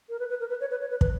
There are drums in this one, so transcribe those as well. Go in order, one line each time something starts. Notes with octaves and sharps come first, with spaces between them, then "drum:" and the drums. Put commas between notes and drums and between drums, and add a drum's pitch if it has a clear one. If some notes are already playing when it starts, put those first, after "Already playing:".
A#4
B4
B4
A#4
B4
C#5
B4
C#5
B4
B4, drum: kick